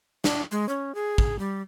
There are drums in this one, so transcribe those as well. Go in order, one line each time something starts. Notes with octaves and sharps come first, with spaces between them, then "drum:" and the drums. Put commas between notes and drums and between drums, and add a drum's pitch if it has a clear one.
D4, drum: snare
G#3
C#4
G#4
drum: kick
G3